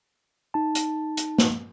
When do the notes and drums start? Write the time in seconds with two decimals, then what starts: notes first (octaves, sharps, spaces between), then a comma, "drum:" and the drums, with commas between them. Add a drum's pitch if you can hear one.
0.54 D#4 A5
0.75 drum: hi-hat
1.17 drum: hi-hat
1.38 drum: snare